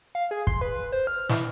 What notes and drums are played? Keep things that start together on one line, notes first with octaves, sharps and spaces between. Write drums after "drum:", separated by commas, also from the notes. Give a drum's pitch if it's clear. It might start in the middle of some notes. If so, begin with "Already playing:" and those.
F5
G#4
C6, drum: kick
B4
C5
F6
E3, drum: snare